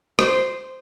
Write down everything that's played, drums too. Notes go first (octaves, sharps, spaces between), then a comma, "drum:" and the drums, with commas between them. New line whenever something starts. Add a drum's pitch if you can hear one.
C5, drum: rim click